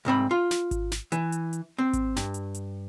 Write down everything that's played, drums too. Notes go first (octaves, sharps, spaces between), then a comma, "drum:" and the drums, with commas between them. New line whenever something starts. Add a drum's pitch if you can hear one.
C2 G#2 C4 B5
F4
drum: snare
drum: kick G#1, hi-hat
drum: snare
E3, drum: hi-hat
drum: hi-hat
drum: hi-hat
C4
drum: kick G#1, hi-hat
G2, drum: snare
drum: hi-hat
drum: hi-hat